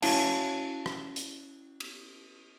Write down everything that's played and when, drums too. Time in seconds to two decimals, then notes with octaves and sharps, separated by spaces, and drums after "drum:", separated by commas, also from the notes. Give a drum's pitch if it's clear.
0.02 C#4 E4 F#4 C#5 F5 A5, drum: cymbal
0.86 drum: rim click
1.16 drum: hi-hat
1.80 drum: cymbal